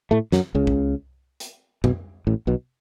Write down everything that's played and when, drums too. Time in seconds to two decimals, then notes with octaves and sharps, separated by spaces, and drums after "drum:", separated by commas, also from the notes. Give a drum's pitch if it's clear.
0.11 A2 A3
0.32 F#2 F#3, drum: snare
0.55 C#2 C#3
0.67 drum: kick
1.40 drum: hi-hat
1.84 B1 B2, drum: tom F2
2.27 A1 A2
2.47 B1 B2